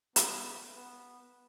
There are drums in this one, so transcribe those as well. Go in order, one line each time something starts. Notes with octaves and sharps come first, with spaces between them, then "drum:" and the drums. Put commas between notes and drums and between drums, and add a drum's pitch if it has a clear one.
B3, drum: hi-hat
B3